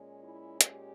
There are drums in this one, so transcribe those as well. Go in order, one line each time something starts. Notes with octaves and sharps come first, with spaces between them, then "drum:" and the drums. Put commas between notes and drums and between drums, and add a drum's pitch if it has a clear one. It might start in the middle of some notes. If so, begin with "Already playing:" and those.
Already playing: A#2 G#3 C#4
E4
G4, drum: hi-hat